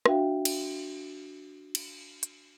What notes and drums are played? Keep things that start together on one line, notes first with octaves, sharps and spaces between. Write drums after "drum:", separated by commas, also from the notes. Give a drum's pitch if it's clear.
D4 F#4 E5 F5 G5, drum: rim click
drum: cymbal
drum: cymbal
drum: hi-hat